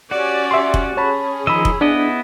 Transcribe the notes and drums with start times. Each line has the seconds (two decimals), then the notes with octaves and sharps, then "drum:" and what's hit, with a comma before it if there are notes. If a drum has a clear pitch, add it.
0.11 C#4 F#4 G4 D5
0.51 E5 C6
0.74 drum: kick F1
0.97 C#4 G#4 C#5 A5 B5
1.47 D#3 F3 D#5 B5 E6
1.65 drum: kick F1
1.81 B3 D4 E4 D#5